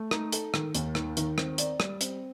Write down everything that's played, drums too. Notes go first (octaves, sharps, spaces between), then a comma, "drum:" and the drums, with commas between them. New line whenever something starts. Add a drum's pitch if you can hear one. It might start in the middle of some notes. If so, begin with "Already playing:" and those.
Already playing: A3
D#4, drum: rim click
A4, drum: hi-hat
D#3, drum: rim click
D#2, drum: hi-hat
D#3, drum: rim click
D#3, drum: hi-hat
C4, drum: rim click
D5, drum: hi-hat
G3, drum: rim click
C4, drum: hi-hat